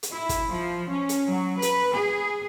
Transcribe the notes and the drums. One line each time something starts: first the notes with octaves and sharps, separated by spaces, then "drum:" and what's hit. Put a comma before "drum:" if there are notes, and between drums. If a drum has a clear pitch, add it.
drum: hi-hat
E4
drum: kick, hi-hat
F3
C#4
drum: hi-hat
F#3
B4, drum: hi-hat
G#4